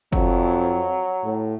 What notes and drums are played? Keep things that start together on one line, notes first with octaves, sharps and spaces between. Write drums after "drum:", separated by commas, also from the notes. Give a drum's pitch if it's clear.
F2 F#3, drum: kick
A2